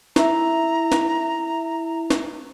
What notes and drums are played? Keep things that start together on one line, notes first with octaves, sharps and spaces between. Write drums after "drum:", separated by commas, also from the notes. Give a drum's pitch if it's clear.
E4 E5 A#5, drum: snare
drum: snare
drum: snare